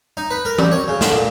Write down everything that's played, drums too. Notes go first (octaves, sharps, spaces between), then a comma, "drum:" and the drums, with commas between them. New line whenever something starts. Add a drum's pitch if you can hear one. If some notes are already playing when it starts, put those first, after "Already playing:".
D#4
B4
A#4
G3, drum: tom E3
C#5
C#3
D3, drum: snare
A#2